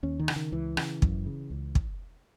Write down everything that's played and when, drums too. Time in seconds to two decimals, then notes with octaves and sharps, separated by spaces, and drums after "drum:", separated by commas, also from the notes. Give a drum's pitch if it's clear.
0.03 D#2 C#4
0.19 D#3
0.28 C#3, drum: rim click
0.36 D#3
0.52 C#2 E3
0.77 C#3, drum: rim click
1.02 F#2, drum: kick
1.26 C#3
1.50 C#2
1.75 drum: kick